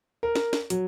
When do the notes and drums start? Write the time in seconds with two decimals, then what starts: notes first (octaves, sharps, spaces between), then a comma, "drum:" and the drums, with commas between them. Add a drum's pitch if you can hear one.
0.23 A#4
0.36 drum: snare
0.53 drum: snare
0.70 F#3, drum: hi-hat